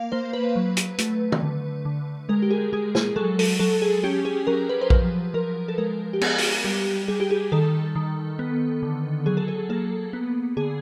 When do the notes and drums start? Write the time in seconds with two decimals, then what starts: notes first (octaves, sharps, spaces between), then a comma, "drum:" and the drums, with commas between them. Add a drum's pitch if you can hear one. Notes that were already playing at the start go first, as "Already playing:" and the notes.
Already playing: A#3 F5
0.12 A#3 C5
0.33 B4
0.56 F#3
0.77 drum: hi-hat
0.98 A3, drum: hi-hat
1.32 drum: tom D#3
1.42 D3
1.85 D3
2.29 G#3 A#4
2.42 G4
2.51 G#4
2.73 G#3 G#4
2.95 G#4, drum: snare
3.16 F#3 A4
3.39 A4, drum: open hi-hat
3.59 F#3 A4
3.82 G#4
4.03 C#4 G4
4.25 G#4
4.47 F#3 A#4
4.69 B4
4.81 C5
4.90 F3 B4, drum: kick A#1
5.34 F3 A#4
5.68 A4
5.78 G#3 A#4
6.13 G4
6.21 B3 G#4, drum: cymbal
6.38 drum: open hi-hat
6.64 G3 G4
7.08 G3 G#4
7.20 G4
7.31 G#4
7.52 D#3 A4
7.95 D#3
8.39 B3
8.83 D3
9.26 F#3 G#4
9.37 A4
9.48 G#4
9.69 A#3 A4
10.13 B3
10.57 D3 G#4